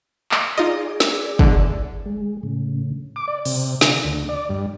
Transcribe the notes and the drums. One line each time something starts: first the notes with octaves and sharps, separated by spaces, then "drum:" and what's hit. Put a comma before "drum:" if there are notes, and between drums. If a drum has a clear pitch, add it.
drum: clap
D#4 F4 G#4 D5 D#5
drum: snare
E2 B2 D3, drum: kick
G#3
A2 C#3
D6
D5
C3, drum: open hi-hat
D3, drum: snare
D2
D5
G2